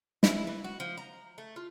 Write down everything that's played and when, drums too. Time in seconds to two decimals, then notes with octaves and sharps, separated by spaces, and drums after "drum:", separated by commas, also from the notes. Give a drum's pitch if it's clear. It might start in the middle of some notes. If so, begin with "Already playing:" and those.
0.23 E4, drum: snare
0.47 E3
0.64 F#4
0.80 F3
0.98 A#5
1.38 A3
1.56 F4